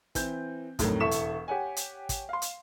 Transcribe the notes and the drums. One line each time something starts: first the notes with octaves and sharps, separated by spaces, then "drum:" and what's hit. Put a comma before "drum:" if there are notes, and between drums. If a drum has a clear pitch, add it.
E3 C4 G6, drum: kick, hi-hat
F2 A2 D3 D#3 F#3, drum: kick, hi-hat
E1 E4 A4 C#6 B6 E7
drum: hi-hat
G4 C#5 F#5 G#5
drum: hi-hat
drum: kick, hi-hat
F5 C6
drum: hi-hat